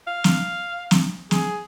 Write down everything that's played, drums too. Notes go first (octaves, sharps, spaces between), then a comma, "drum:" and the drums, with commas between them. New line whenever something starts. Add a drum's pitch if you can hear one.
F5
drum: snare
drum: snare
G#4, drum: snare